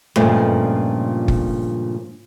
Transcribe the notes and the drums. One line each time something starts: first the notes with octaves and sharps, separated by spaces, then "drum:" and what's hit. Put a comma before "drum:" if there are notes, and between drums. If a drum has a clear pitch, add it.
G2 A#2 C#3 F3 G#3 A3, drum: tom G2
drum: kick F#1